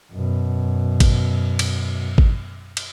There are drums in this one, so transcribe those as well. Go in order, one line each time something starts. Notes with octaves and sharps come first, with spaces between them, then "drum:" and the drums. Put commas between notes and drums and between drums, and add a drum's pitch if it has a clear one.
F#2 B2
drum: kick G#1, cymbal
drum: cymbal
drum: kick G#1
drum: cymbal